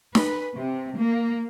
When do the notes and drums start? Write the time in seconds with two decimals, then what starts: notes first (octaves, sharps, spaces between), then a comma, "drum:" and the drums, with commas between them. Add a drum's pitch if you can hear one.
0.15 B4, drum: snare
0.55 C3
0.97 A#3